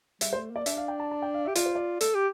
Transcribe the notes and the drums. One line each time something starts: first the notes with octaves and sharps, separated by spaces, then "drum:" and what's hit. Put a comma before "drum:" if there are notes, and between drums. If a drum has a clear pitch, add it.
G3 E5, drum: hi-hat
C5
A3
A#3 D5
D4 E5, drum: hi-hat
F5
G5
A5
A5
G5
F5
E5
G4
F4 D5, drum: hi-hat
C5
D5
A4, drum: hi-hat
G4